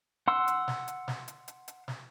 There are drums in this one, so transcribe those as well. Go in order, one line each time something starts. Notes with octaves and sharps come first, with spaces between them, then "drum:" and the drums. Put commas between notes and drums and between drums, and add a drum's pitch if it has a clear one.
F#5 C6 E6
drum: hi-hat
drum: snare
drum: hi-hat
drum: snare
drum: hi-hat
drum: hi-hat
drum: hi-hat
drum: snare